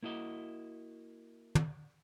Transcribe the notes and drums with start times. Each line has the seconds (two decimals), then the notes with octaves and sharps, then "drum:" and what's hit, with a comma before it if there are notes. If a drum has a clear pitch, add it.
0.03 A#3 E4 F#4 D#5
1.55 drum: tom